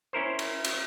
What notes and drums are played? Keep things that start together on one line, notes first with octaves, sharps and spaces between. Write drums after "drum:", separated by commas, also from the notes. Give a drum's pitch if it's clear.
C#4 E4 A#4 C5
drum: cymbal
drum: cymbal